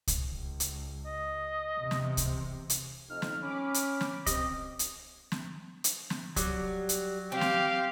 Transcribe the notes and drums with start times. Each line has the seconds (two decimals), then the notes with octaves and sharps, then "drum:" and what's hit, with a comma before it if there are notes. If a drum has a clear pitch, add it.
0.07 drum: kick C2, hi-hat
0.19 C#2
0.60 drum: hi-hat
1.06 D#5
1.80 E2 C3
1.91 drum: snare
2.17 drum: kick C2, hi-hat
2.70 drum: hi-hat
3.10 F2 D#4 F6
3.22 drum: snare
3.42 C#4 B5 D6
3.74 drum: hi-hat
4.01 drum: snare
4.26 C4 G4 D#5, drum: kick C2, hi-hat
4.79 drum: hi-hat
5.32 drum: snare
5.84 drum: hi-hat
6.10 drum: snare
6.36 F#3 G3, drum: kick C2, hi-hat
6.89 drum: hi-hat
7.32 C4 G4 F5
7.41 drum: snare